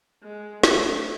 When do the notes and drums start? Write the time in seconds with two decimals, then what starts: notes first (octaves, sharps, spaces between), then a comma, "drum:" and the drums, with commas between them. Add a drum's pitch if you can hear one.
0.23 G#3
0.63 A3 D4, drum: snare